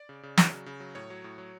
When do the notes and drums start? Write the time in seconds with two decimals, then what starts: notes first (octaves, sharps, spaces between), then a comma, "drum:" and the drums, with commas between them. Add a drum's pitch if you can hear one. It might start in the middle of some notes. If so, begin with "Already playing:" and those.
Already playing: D5
0.09 C#3
0.23 C#3
0.38 F#3, drum: snare
0.52 C#3
0.66 C#3
0.80 F#3
0.95 A2 C#5
1.10 F#3
1.24 A2
1.38 F#3